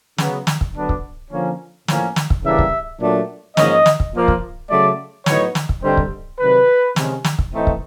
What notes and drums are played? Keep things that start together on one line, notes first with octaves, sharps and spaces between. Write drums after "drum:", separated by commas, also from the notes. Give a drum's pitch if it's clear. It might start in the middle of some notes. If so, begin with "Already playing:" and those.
C#3 F#3 B3, drum: snare
drum: snare
drum: kick
D3 F#3 B3 D4
drum: kick
D3 F3 A#3 C#4
A2 F3 A#3 C#4, drum: snare
drum: snare
drum: kick
C#3 E3 G3 A#3 D4 E5
drum: kick
A#2 F#3 A3 D4
G#2 F3 A#3 C#4 D#5, drum: snare
drum: snare
drum: kick
A#2 F3 A#3
drum: kick
C#3 F#3 A3 D5
A2 F#3 B3 D#4 C#5, drum: snare
drum: snare
drum: kick
G2 D3 G3 C4 D#4 C5
drum: kick
C3 D#3 F#3 B4
C3 D#3 G#3 C#4, drum: snare
drum: snare
drum: kick
A2 E3 A3 C4 D#4
drum: kick